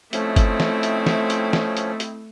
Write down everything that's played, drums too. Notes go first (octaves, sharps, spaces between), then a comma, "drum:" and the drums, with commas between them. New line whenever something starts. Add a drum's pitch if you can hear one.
F3 A3 C4 C#4 E4 D#5, drum: hi-hat
drum: kick, hi-hat
drum: snare
drum: hi-hat
drum: snare
drum: hi-hat
drum: snare
drum: hi-hat
drum: hi-hat